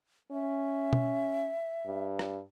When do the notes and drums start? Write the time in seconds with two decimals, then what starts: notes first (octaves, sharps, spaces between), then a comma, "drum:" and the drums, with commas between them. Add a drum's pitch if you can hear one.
0.32 C#4 E5
0.93 drum: tom
1.86 G2
2.19 drum: rim click